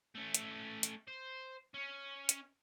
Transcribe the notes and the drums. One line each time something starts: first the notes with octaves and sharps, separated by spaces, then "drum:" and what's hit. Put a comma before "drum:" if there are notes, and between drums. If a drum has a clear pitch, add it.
A3 C#4
drum: hi-hat
drum: hi-hat
C5
C#4
drum: hi-hat